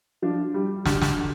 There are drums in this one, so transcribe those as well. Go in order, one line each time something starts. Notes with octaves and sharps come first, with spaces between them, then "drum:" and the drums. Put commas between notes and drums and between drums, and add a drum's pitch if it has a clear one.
F3 D4 F4
G3
D4 G4, drum: snare
drum: snare
D3